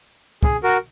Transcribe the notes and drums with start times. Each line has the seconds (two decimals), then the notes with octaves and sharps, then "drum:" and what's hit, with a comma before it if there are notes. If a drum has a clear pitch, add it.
0.43 G#4, drum: kick
0.63 F#4 A#4